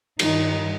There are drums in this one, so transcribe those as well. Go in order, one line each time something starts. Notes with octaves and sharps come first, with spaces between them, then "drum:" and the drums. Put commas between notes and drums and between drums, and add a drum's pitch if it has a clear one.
G2 D#3 G3 D#4, drum: cymbal